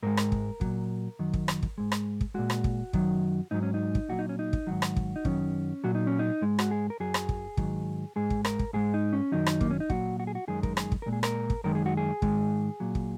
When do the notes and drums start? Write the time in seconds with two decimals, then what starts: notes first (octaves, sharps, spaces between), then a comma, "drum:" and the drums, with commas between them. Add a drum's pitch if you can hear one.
0.03 G#2 G#3 A#4
0.17 drum: rim click
0.32 drum: kick
0.61 A#2 F#3, drum: kick
1.19 F#2 D#3 F#3
1.34 drum: kick
1.48 drum: rim click
1.63 drum: kick
1.78 G#2 G#3
1.92 drum: rim click
2.21 drum: kick
2.34 A#2 G#3 F#4
2.50 drum: rim click
2.64 drum: kick
2.93 F#2 D#3 F#3, drum: kick
3.51 G#2 F#3 D#4
3.63 C#4
3.74 D#4
3.95 drum: kick
4.09 A#2 F#3 F#4
4.19 D#4
4.29 C#4
4.39 D#4
4.53 drum: kick
4.67 G#2 D#3 F#3 F#4
4.82 drum: rim click
4.96 drum: kick
5.16 D#4
5.25 F#2 D#3 F#3 C#4, drum: kick
5.84 A#2 F#3 F#4
5.95 D#4
6.07 C#4
6.19 D#4
6.41 G#2 G#3
6.59 F#4, drum: rim click
6.71 G#4
6.90 A#4
7.00 F#2 F#3 G#4
7.14 drum: rim click
7.29 drum: kick
7.57 G#2 D#3 F#3, drum: kick
8.16 G#2 G#3 G#4
8.30 drum: kick
8.45 A#4, drum: rim click
8.59 drum: kick
8.73 G#2 G#3 G#4
8.94 D#4
9.13 C#4
9.32 F#2 D#3 F#3 D#4
9.46 drum: rim click
9.61 A#3, drum: kick
9.71 C#4
9.80 D#4
9.90 A#2 F#3 F#4, drum: kick
10.20 F#4
10.27 G#4
10.35 F#4
10.48 F#2 D#3 G#3 G#4
10.63 A#4, drum: kick
10.77 G#4, drum: rim click
10.92 drum: kick
11.02 A#2 G#3 A#4
11.13 G#4
11.23 A#4, drum: rim click
11.50 drum: kick
11.64 F#2 D#3 G#3 A#4
11.75 G#4
11.86 F#4
11.97 G#4
12.22 G#2 D#3 G#3, drum: kick
12.80 A#2 F#3
12.95 drum: kick